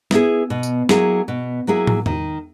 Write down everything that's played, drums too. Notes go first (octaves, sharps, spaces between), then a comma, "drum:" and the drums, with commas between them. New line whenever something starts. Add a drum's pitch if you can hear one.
B3 E4 G#4, drum: snare
B2
drum: tambourine
F#3 A#3 E4 G#4, drum: snare
B2
F#3 A#3 E4 G#4
drum: tom
D#3, drum: tom E2